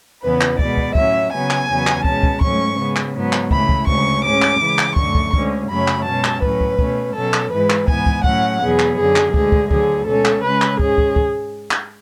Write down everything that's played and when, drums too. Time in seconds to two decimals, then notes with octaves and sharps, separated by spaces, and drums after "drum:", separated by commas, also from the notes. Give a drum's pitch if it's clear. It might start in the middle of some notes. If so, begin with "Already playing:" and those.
0.23 E2 C#3 E3 B3 B4
0.41 drum: clap
0.59 B2 G#3 B3 D5, drum: kick
0.78 drum: kick
0.95 A2 F#3 C#4 E5, drum: kick
1.33 C#3 F#3 B3 G#5
1.50 drum: clap
1.69 E2 C#3 F#3 B3
1.87 drum: clap
2.05 B2 G#3 C#4 A5, drum: kick
2.23 drum: kick
2.41 G#2 F#3 A3 C#4 C#6, drum: kick
2.77 C#3 G#3 B3
2.96 drum: clap
3.15 G#2 F#3 B3
3.33 drum: clap
3.51 C#3 E3 A3 B5, drum: kick
3.69 drum: kick
3.87 D2 C#3 G#3 C#6, drum: kick
4.24 A2 G#3 C#4 D6
4.42 drum: clap
4.60 C#3 E3 G#3
4.78 drum: clap
4.96 F#2 D3 A3 C#6, drum: kick
5.15 drum: kick
5.33 D2 D3 G#3 C#4, drum: kick
5.69 F#2 C#3 F#3 A3 C#4 B5
5.88 drum: clap
6.05 B2 G#3 C#4 A5
6.24 drum: clap
6.42 A2 F#3 C#4 B4, drum: kick
6.61 drum: kick
6.79 B2 A3 C#4, drum: kick
7.15 B2 F#3 C#4 A4
7.34 drum: clap
7.51 G#2 E3 G#3 B4
7.70 drum: clap
7.88 G#2 E3 B3 G#5, drum: kick
8.06 drum: kick
8.24 A2 F#3 A3 C#4 F#5, drum: kick
8.61 E2 B2 F#3 B3 G#4
8.79 drum: clap
8.98 F#2 D3 F#3 G#4
9.16 drum: clap
9.34 D2 D3 G#3 G#4, drum: kick
9.52 drum: kick
9.71 D2 D3 F#3 G#4, drum: kick
10.06 B2 G#3 C#4 A4
10.25 drum: clap
10.43 C#3 G#3 C#4 B4
10.62 drum: clap
10.79 G#2 G#3 C#4 G#4, drum: kick
10.98 drum: kick
11.16 drum: kick
11.71 drum: clap